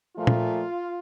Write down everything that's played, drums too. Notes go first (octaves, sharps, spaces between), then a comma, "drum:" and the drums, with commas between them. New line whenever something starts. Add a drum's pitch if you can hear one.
A#2 F3 A3 F4
drum: tom